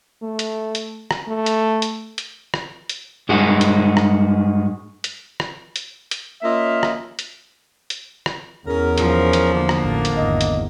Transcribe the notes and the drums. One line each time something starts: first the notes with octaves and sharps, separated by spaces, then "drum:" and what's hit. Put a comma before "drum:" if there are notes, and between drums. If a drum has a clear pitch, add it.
A3
drum: hi-hat
drum: hi-hat
drum: rim click
A3
drum: hi-hat
drum: hi-hat
drum: hi-hat
drum: rim click
drum: hi-hat
G2 G#3 F#4 G#4
drum: hi-hat
drum: rim click
drum: hi-hat
drum: rim click
drum: hi-hat
drum: hi-hat
A#3 C#4 F4 D#5 E5
drum: rim click
drum: hi-hat
drum: hi-hat
drum: rim click
E2 C#4 G#4 A#4
F3, drum: hi-hat
drum: hi-hat
D3 A#3
drum: rim click
A1
drum: hi-hat
G#1 E2 D#5
drum: hi-hat